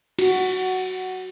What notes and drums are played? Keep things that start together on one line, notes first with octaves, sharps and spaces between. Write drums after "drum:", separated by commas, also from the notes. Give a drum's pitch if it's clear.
F#4, drum: cymbal